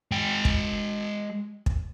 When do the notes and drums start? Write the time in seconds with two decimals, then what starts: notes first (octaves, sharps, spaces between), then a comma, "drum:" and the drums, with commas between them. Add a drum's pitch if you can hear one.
0.12 G#3 G5
0.45 drum: kick
1.66 drum: kick